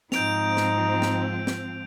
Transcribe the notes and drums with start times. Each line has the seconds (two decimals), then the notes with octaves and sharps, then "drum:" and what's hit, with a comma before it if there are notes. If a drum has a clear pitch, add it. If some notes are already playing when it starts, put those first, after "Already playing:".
0.12 G#2 F3 C4 D#4 G6 D7 F7, drum: snare
0.57 drum: snare
1.02 drum: snare
1.47 drum: snare